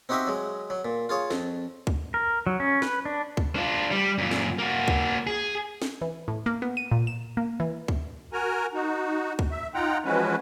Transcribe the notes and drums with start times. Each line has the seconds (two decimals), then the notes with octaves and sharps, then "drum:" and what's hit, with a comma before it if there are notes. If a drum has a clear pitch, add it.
0.09 C4 D#4 F#4 G4 D#5 E5
0.27 F#3 G#3
0.70 F#3
0.85 A#2
1.09 F4 G#4 C#5
1.31 F2, drum: snare
1.87 drum: kick C2
2.14 A#4
2.47 F#3
2.60 C#4
2.82 B4, drum: snare
3.05 D4
3.37 drum: kick C2
3.56 D4 F4
3.91 G3
4.18 F#2 A#2
4.31 drum: snare
4.59 A#3 F#4
4.88 drum: kick C2
5.27 G#4
5.82 drum: snare
6.02 E3
6.28 A2
6.46 A#3
6.62 B3
6.77 D#7
6.91 A#2
7.07 E7
7.37 A#3
7.60 E3
7.88 drum: kick C2
8.33 F#4 A#4 G#5 A#5
8.74 D#4 F#4
9.39 drum: kick C2
9.51 E5
9.75 D#4 F4 F#5 G5 A#5
10.05 E3 F3 G#3 C#4 F#4 B4